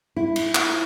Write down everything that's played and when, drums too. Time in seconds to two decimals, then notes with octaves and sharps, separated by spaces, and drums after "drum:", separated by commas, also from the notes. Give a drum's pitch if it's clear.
0.16 E4
0.36 drum: cymbal
0.55 drum: clap